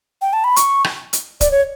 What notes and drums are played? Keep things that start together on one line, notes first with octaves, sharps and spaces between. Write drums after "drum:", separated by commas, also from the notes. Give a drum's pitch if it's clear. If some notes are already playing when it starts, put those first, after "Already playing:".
G5
A5
B5
C#6, drum: hi-hat
drum: rim click
drum: hi-hat
D5, drum: kick, hi-hat
C#5